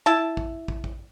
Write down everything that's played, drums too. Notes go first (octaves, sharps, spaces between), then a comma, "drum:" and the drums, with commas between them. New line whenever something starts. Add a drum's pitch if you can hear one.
E4 A5
drum: kick
drum: kick
drum: kick